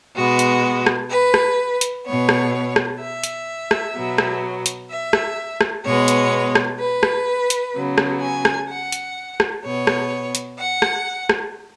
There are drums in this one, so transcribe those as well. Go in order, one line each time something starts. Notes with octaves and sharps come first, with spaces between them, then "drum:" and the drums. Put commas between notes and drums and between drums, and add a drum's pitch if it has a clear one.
B2 G#3 B3 F#4
drum: hi-hat
drum: rim click
B4
drum: rim click
drum: hi-hat
B2 B3 C#5
drum: rim click
drum: rim click
E5
drum: hi-hat
drum: rim click
B2 F#3 B3
drum: rim click
drum: hi-hat
E5
drum: rim click
drum: rim click
B2 G#3 B3 C#5
drum: hi-hat
drum: rim click
B4
drum: rim click
drum: hi-hat
C#3 F#3 B3
drum: rim click
G#5
drum: rim click
F#5
drum: hi-hat
drum: rim click
B2 B3 C#5
drum: rim click
drum: hi-hat
F#5
drum: rim click
drum: rim click